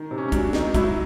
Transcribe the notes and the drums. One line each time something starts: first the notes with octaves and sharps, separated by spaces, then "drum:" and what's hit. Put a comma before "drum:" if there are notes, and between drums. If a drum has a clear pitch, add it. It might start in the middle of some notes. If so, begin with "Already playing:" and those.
Already playing: D#3
C3
C#4
C#4
F#3 D4, drum: kick, hi-hat
D#3 D#4, drum: snare
F#3 E4, drum: kick, hi-hat